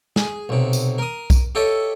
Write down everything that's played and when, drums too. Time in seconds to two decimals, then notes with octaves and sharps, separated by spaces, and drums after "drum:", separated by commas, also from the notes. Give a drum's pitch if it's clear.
0.16 G#4, drum: snare
0.49 B1 C3
0.73 drum: tambourine
0.98 A#4 D#6
1.30 drum: kick B1, tambourine
1.55 G4 A4 C#5 D#5 E5